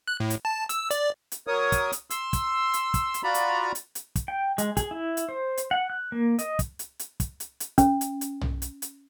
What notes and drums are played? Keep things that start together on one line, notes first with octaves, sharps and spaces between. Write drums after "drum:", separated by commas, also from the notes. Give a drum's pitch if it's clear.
F#6
A2
drum: hi-hat
A5
E6, drum: hi-hat
D5, drum: hi-hat
drum: hi-hat
F#3 A#4 C#5 D#6
drum: kick, hi-hat
drum: hi-hat
C6 E6, drum: hi-hat
drum: kick, hi-hat
drum: hi-hat
drum: kick, hi-hat
drum: hi-hat
F4 F#4 D5 A#5 B5
drum: hi-hat
drum: hi-hat
drum: hi-hat
drum: kick, hi-hat
G5
G#3, drum: hi-hat
G#4, drum: kick, hi-hat
E4
drum: hi-hat
C5
drum: hi-hat
F#5
F#6
A#3
D#5, drum: hi-hat
drum: kick, hi-hat
drum: hi-hat
drum: hi-hat
drum: kick, hi-hat
drum: hi-hat
drum: hi-hat
C#4, drum: kick, hi-hat
drum: hi-hat
drum: hi-hat
drum: tom
drum: hi-hat
drum: hi-hat